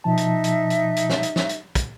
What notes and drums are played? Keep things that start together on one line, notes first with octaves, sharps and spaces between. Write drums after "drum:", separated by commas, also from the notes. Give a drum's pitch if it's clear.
B2 F3 D#4 E5 A5
drum: hi-hat
drum: hi-hat
drum: hi-hat
drum: hi-hat
drum: snare
drum: hi-hat
drum: snare
drum: hi-hat
drum: kick, hi-hat